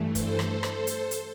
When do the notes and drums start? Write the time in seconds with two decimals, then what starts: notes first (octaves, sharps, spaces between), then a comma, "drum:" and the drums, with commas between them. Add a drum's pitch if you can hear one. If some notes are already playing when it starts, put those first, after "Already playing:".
Already playing: G2 E3 A3
0.15 A4 C5, drum: kick, hi-hat
0.39 drum: rim click
0.63 drum: rim click
0.87 drum: hi-hat
1.11 drum: hi-hat